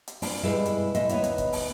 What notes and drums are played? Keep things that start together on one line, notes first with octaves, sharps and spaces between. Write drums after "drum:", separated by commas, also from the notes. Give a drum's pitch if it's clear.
drum: hi-hat
C4 D4 F4 C5, drum: open hi-hat
G2 B2 G3 G#3 E4 E5
drum: hi-hat
A2 G#3 E4 D#5 E5, drum: hi-hat
D2 B3 D#4 C#5 E5, drum: hi-hat
drum: hi-hat
drum: kick, hi-hat
drum: open hi-hat